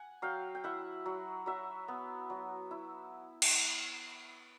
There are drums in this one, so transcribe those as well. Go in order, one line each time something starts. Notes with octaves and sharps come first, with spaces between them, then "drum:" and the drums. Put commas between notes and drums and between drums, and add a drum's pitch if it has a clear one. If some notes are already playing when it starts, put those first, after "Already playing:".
Already playing: F#5 G#5
F#3 F5 G5
G5
E4 E5 F#5
F#3
F#3 E5 F#5
B3
F#3
E4
drum: cymbal